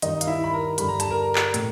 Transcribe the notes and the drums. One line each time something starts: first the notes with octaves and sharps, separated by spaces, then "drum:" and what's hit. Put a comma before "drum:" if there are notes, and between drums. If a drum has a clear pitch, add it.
G2 D#3 D#4 D#5, drum: hi-hat
F5, drum: hi-hat
E4 E5
B5
A#4 A#5
G2 D3 B5, drum: hi-hat
A#5
A5, drum: hi-hat
A#4 A#5
drum: clap
A2, drum: hi-hat